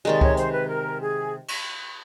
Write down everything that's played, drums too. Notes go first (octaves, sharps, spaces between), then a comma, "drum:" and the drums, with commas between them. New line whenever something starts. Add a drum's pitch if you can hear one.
C3 D#3 G#3 D5
C#5, drum: kick C#2
C5, drum: hi-hat
B4
A#4
G#4
drum: cymbal